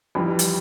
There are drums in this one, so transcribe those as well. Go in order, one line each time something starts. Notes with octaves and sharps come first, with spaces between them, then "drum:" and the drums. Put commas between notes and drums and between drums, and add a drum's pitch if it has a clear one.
F2 E3 G3
drum: hi-hat